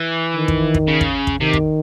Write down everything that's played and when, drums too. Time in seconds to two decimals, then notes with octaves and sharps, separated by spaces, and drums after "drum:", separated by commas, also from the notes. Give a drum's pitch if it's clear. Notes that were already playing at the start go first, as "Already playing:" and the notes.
Already playing: E3
0.35 D#3
0.48 drum: kick
0.74 drum: kick
0.88 C#3
1.01 drum: kick
1.27 drum: kick
1.41 C3 D#3
1.53 drum: kick